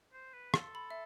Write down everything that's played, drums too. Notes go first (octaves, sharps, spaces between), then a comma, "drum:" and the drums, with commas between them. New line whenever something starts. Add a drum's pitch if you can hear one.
C5
B4
A4 C6, drum: rim click
B5
E5